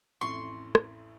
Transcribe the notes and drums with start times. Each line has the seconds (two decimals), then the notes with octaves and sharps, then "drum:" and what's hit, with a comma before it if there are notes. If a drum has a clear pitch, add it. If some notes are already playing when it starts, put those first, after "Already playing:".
0.21 A1 F2 A2 C6 C#6
0.75 drum: rim click